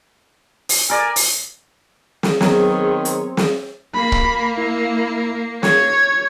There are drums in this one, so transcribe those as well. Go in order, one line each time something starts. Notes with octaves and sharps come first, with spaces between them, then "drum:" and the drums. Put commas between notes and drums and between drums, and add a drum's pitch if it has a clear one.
drum: open hi-hat
A#4 D5 G#5
drum: open hi-hat
drum: snare
D#3 F#3 B3 C4 G#4 C#5, drum: snare
drum: hi-hat
drum: snare
A#3 B5
drum: kick
E4
C#5 G#6, drum: snare